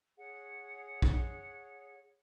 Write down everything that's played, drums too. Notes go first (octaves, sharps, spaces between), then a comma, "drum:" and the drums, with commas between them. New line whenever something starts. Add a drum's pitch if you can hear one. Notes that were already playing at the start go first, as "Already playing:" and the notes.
G#4 C#5 F#5
drum: kick